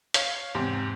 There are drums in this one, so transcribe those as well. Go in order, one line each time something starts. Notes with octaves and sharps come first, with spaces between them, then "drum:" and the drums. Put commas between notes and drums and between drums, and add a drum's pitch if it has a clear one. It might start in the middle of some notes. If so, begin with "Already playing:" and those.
C#5 F5, drum: hi-hat
E2 G#2 C3 G4